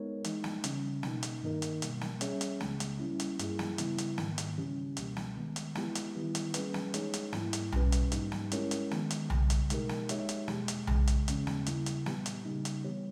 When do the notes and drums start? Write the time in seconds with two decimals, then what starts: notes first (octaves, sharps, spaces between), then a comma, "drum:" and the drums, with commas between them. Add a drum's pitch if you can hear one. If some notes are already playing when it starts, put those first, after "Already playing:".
Already playing: G#3 B3 D#4 A#4 C#5
0.24 E3 G#3 D#4, drum: hi-hat
0.44 drum: snare
0.64 C#3 G3 C#4, drum: hi-hat
1.03 B2 A#3 D#4, drum: snare
1.23 drum: hi-hat
1.42 G2 D#3 A#3 D#4 A#4
1.62 drum: hi-hat
1.82 B2 G3 A#3, drum: hi-hat
2.01 drum: snare
2.21 G3 C#4 G#4 C#5 E5, drum: hi-hat
2.41 drum: hi-hat
2.60 C#2 C#3 G#3, drum: snare
2.80 drum: hi-hat
2.99 G3 A#3 C#4 E4
3.20 drum: hi-hat
3.39 G2 G3 A#3 E4 G#4, drum: hi-hat
3.59 drum: snare
3.78 C#3 E3 G3 B3 E4, drum: hi-hat
3.98 drum: hi-hat
4.18 G#2 D#3 A#3, drum: snare
4.38 drum: hi-hat
4.57 C#3 E3 G3 C#4 G4
4.97 C#2 B2 G3 A#3, drum: hi-hat
5.17 drum: snare
5.36 D#3 G#3 B3
5.56 drum: hi-hat
5.75 E3 G#3 B3 E4 G4, drum: snare
5.95 drum: hi-hat
6.15 D#3 G3 B3 E4
6.35 drum: hi-hat
6.54 G3 A#3 C#4 G#4 B4, drum: hi-hat
6.74 drum: snare
6.94 E3 G#3 D#4 G#4 C#5, drum: hi-hat
7.14 drum: hi-hat
7.33 G#2 G3 A#3 E4, drum: snare
7.53 drum: hi-hat
7.72 B2 G3 C#4 G4 B4, drum: tom B1
7.92 drum: hi-hat
8.12 G#2 G3 A#3 D#4 G4, drum: hi-hat
8.32 drum: snare
8.52 G#3 C#4 E4 A#4 C#5, drum: hi-hat
8.71 drum: hi-hat
8.91 D#3 G#3 B3, drum: snare
9.10 drum: hi-hat
9.30 C#2 C#3 G3, drum: tom B1
9.50 drum: hi-hat
9.70 B2 G#3 D#4 G4 A#4, drum: hi-hat
9.89 drum: snare
10.09 G#3 D#4 G4 C#5 E5, drum: hi-hat
10.29 drum: hi-hat
10.48 E2 B2 G#3, drum: snare
10.68 drum: hi-hat
10.87 C#2 C#3 E3 G#3, drum: tom B1
11.07 drum: hi-hat
11.28 D#2 C#3 G#3 C#4, drum: hi-hat
11.47 drum: snare
11.66 E2 C#3 G3 A#3 E4, drum: hi-hat
11.86 drum: hi-hat
12.06 A#2 G3 B3 G4, drum: snare
12.26 drum: hi-hat
12.45 C#3 G3 A#3 D#4
12.65 drum: hi-hat
12.84 E3 G3 B3 G4 C#5